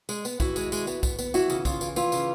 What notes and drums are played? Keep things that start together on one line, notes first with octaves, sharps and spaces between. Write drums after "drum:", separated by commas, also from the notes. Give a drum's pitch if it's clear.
G#3, drum: tambourine
B3, drum: tambourine
E3 E4 F#4, drum: kick, tambourine
G#3, drum: tambourine
G#3, drum: tambourine
B3, drum: tambourine
B3, drum: kick, tambourine
B3, drum: tambourine
E3 E4 F#4, drum: tambourine
C#3, drum: tambourine
C#3 F4, drum: kick, tambourine
E3, drum: tambourine
E3 F4, drum: tambourine
C#3, drum: tambourine